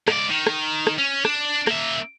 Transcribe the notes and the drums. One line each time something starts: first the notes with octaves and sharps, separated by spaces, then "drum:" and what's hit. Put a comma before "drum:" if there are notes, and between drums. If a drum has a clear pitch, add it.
G#2 D5, drum: rim click
D#3
drum: rim click
drum: rim click
C#4
D4, drum: rim click
A#3 E5, drum: rim click